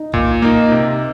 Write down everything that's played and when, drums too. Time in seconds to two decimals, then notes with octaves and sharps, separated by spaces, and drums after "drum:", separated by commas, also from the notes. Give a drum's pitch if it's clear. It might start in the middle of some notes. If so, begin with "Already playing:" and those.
Already playing: D#4
0.14 A#2, drum: kick B1
0.42 A#3 D#4
0.72 C3